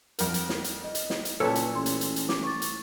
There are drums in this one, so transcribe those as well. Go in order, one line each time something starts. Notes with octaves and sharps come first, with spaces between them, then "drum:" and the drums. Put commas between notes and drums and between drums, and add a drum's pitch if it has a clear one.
F2 A#4, drum: hi-hat
drum: hi-hat
drum: snare
drum: hi-hat
D#5
drum: hi-hat
drum: snare
drum: hi-hat
F#1 A#2 A4 B4 C#5 A5 E6
drum: hi-hat
A1 C6
drum: hi-hat
drum: hi-hat
drum: hi-hat
D6, drum: snare
C#6 A6
drum: hi-hat